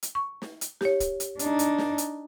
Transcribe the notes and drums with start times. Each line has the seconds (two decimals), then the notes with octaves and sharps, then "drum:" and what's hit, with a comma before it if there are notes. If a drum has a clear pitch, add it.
0.03 drum: hi-hat
0.15 C#6
0.42 drum: snare
0.61 drum: hi-hat
0.81 G4 C#5, drum: snare
1.00 drum: kick, hi-hat
1.20 drum: hi-hat
1.39 D4 D#4, drum: hi-hat
1.59 drum: hi-hat
1.78 drum: snare
1.98 drum: hi-hat